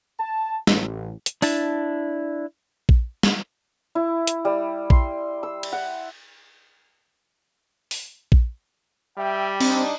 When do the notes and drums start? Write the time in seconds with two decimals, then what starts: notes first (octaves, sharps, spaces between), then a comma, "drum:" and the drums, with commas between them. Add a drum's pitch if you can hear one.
0.19 A5
0.67 A1, drum: snare
1.26 drum: hi-hat
1.42 D4 E4 A5, drum: open hi-hat
2.89 drum: kick A#1
3.23 drum: snare
3.95 E4
4.27 drum: hi-hat
4.45 G3
4.90 C6, drum: kick A#1
5.43 E6
5.63 drum: cymbal
5.72 F#5
7.91 drum: open hi-hat
8.32 drum: kick A#1
9.18 G3 E5 G5
9.60 C4 D4 D#4, drum: cymbal